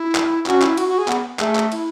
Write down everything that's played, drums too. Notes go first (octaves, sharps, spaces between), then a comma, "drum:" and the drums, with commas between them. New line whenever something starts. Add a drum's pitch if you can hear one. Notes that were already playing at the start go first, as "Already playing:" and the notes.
Already playing: E4
drum: clap
C#4 F#4, drum: clap
E4, drum: clap
F#4, drum: cymbal
F#4
G#4
B3, drum: clap
A3 G#4, drum: clap
drum: clap
E4, drum: cymbal